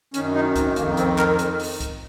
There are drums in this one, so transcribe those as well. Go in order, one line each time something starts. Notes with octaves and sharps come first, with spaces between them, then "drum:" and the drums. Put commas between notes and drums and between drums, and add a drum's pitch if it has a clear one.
F#2 D#3 C#4, drum: hi-hat
D#4
C4, drum: kick C2, hi-hat
F2 D#3 A#3, drum: hi-hat
C4, drum: hi-hat
A#4, drum: clap
drum: hi-hat
drum: open hi-hat
drum: kick C2, hi-hat